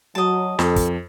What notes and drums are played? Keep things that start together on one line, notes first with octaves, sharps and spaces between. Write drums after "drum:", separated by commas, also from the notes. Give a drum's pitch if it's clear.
F#3 D#5 A5
F2 A4, drum: snare
drum: kick, hi-hat